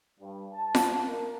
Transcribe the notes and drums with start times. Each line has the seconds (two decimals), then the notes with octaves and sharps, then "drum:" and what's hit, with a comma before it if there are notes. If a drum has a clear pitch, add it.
0.19 G2
0.53 A5
0.75 drum: snare F4
1.07 A#3